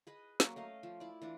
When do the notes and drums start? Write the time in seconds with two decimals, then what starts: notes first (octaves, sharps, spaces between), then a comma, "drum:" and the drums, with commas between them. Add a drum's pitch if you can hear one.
0.07 G#4 B4 D#5
0.40 F#3 A#3 C#4, drum: snare
0.56 A3 D#5 F5
0.83 F3
1.00 E4 D5
1.22 E3 D4 F4